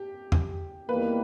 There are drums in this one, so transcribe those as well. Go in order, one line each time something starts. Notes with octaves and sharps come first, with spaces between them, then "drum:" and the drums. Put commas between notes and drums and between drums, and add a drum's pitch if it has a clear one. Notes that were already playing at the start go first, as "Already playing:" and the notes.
Already playing: G4
drum: tom
E2 D#3 G3 A#3 B4